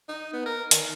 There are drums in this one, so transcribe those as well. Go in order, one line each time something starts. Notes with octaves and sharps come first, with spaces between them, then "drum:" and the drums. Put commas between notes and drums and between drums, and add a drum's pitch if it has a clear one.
D#4
B3
A#4
D#3, drum: hi-hat